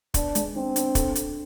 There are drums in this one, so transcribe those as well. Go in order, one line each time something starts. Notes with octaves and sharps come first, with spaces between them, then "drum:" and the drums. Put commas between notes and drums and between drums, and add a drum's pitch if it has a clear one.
B3 D4, drum: kick, hi-hat
G#3, drum: hi-hat
C4 D4
D4, drum: hi-hat
A4, drum: kick, hi-hat
drum: hi-hat